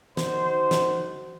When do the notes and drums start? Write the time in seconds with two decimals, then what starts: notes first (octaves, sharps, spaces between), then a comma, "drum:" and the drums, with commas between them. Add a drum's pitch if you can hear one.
0.17 D#3 D#4 F#4 C5, drum: snare
0.71 drum: snare